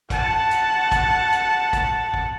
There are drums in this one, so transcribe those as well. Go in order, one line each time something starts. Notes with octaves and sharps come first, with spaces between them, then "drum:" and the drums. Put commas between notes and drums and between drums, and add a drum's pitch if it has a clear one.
F#5 A5, drum: kick, hi-hat
drum: hi-hat
drum: kick, hi-hat
drum: hi-hat
drum: kick, hi-hat
drum: kick